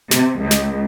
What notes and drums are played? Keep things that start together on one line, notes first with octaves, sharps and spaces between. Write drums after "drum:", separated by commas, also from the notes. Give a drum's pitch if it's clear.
C3, drum: snare
C#2
drum: snare